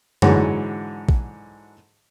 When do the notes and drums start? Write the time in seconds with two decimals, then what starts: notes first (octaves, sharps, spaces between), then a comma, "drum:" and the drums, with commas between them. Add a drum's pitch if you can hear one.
0.22 G#2 D3 E3 F#3 G#3, drum: tom F#2
1.09 drum: kick A#1